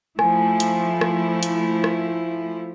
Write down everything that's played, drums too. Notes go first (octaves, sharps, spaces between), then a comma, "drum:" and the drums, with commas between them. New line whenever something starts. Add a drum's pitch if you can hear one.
F3 A3 E4 G#5, drum: rim click
drum: hi-hat
drum: rim click
drum: hi-hat
drum: rim click